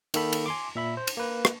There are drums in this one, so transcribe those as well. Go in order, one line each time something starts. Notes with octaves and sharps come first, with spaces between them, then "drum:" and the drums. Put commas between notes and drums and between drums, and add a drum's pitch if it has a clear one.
D#3 A#3 A4 B5, drum: cymbal
drum: cymbal
G#5 C6 D6
A#2 E5 B5
C5
drum: cymbal
A#3 B4
drum: rim click